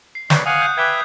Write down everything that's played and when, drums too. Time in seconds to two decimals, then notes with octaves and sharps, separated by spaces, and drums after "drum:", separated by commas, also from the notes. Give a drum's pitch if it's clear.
0.15 C7
0.30 B4 C#5 D5, drum: snare
0.46 F5 F#5 G#5 D#6
0.62 F#6 G6
0.78 B4 E5 G5 D6 F#6 G#6